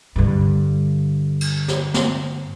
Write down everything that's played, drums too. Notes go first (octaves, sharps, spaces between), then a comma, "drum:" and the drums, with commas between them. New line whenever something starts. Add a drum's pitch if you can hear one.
G2 D3
drum: cymbal
drum: snare
drum: snare